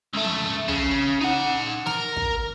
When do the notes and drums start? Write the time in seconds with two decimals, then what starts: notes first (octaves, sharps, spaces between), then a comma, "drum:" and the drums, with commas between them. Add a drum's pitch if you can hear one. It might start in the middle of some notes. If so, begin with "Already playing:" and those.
0.13 C#2 A3
0.24 drum: tom
0.69 C#3, drum: tom
1.22 D#4 F#5
1.86 A#4, drum: snare
2.16 drum: kick